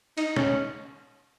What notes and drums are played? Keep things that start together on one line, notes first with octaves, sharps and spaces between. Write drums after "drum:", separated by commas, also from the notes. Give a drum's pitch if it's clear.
D#4, drum: cymbal
C#4, drum: snare